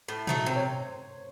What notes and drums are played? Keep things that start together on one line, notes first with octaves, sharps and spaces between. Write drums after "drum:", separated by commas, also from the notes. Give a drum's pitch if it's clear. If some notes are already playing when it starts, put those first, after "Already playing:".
A2
F#3 A3 D#4, drum: tom
C3 C5
C#5